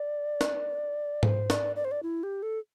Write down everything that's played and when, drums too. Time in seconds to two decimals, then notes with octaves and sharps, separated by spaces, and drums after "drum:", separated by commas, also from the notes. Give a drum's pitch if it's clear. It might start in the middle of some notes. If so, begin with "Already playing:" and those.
Already playing: D5
0.41 drum: snare
1.23 C5, drum: tom G#2
1.50 D5, drum: snare
1.76 D5
1.85 C5
1.91 D5
2.03 E4
2.23 G4
2.43 A4